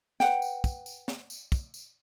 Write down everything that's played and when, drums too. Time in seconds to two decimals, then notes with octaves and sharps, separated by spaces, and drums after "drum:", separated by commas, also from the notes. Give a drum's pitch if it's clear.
0.20 B4 F#5 G5, drum: snare
0.42 drum: tambourine
0.64 drum: kick, tambourine
0.86 drum: tambourine
1.08 drum: snare
1.30 drum: tambourine
1.52 drum: kick, tambourine
1.74 drum: tambourine